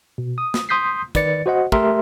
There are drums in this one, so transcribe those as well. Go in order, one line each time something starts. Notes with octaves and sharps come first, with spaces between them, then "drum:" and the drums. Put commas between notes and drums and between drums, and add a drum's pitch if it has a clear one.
B2
D#6
drum: snare
C6 D#6 G6 B6 C7
D#3 B4 D5 A6 C#7, drum: kick, hi-hat
F#4 C5 D#5 F#5
A3 G4 A#4 E5 C6, drum: kick